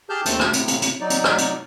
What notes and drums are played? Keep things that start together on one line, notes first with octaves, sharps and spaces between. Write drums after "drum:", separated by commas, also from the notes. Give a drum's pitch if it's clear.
G4 G#4 A5 F6 G6
D#2 D#3 A3 C4 A5 G6, drum: hi-hat
drum: rim click
A2 C3, drum: hi-hat
drum: hi-hat
drum: hi-hat
F#3 D#4 D5
drum: hi-hat
drum: rim click
drum: hi-hat